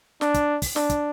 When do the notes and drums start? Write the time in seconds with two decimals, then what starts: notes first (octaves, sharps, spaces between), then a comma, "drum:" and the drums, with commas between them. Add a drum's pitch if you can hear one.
0.21 D4, drum: snare
0.34 drum: kick, hi-hat
0.62 drum: kick, open hi-hat
0.76 D4, drum: snare
0.90 drum: kick, hi-hat